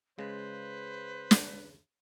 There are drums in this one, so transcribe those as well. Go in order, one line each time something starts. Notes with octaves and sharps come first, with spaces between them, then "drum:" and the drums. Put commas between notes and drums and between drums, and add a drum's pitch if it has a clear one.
C#3 G#3 B4 C5
drum: snare